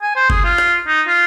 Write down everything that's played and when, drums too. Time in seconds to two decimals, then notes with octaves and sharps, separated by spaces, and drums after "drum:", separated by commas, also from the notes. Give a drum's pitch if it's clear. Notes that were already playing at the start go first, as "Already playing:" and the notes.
0.02 G#5
0.16 C5
0.30 G#4, drum: kick
0.44 F4
0.58 drum: rim click
0.87 D#4
1.08 F4